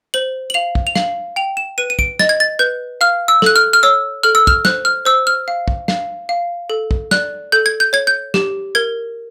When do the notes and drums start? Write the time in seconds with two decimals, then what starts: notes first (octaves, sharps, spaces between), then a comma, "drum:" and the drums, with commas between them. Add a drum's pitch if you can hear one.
0.14 C5 F#7
0.50 F#7
0.54 F5 F7
0.75 drum: kick
0.87 F7
0.96 F5 F#7, drum: snare
1.36 G5 F7
1.57 E7
1.78 B4 D#7
1.90 D#7
1.99 D7, drum: kick
2.19 D#5 A6, drum: snare
2.29 G#6
2.40 A6
2.59 B4 G6
3.01 F5 F6
3.28 E6
3.42 A4 F#6, drum: snare
3.56 F6
3.73 F6
3.83 C#5 E6
4.23 A4 F6
4.35 E6
4.47 F6, drum: kick
4.65 C5 F#6, drum: snare
4.85 F6
5.05 C5 E6
5.27 F6
5.48 F5
5.68 drum: kick
5.88 F5, drum: snare
6.29 F5
6.70 A4
6.91 drum: kick
7.11 D5 F#6, drum: snare
7.52 A4 G6
7.66 G#6
7.80 G6
7.93 C#5 G#6
8.07 G6
8.34 G4, drum: snare
8.75 A#4 G#6